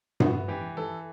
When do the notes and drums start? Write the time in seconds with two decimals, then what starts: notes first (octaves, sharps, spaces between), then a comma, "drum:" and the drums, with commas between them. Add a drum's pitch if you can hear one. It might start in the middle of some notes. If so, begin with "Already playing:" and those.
0.20 B3 F#4, drum: tom G2
0.48 E3 G4
0.77 E3 A4